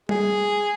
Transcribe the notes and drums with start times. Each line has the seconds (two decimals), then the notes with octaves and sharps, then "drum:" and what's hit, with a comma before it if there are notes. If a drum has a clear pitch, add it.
0.09 G#4, drum: tom G3